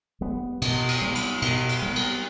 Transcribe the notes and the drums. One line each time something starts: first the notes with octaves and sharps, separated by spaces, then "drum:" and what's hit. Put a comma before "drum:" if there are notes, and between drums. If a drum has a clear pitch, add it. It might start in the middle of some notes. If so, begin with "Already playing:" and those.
G3 B3
B2, drum: cymbal
drum: cymbal
G3 B3
drum: cymbal
B2, drum: cymbal
drum: cymbal
G3 B3
drum: cymbal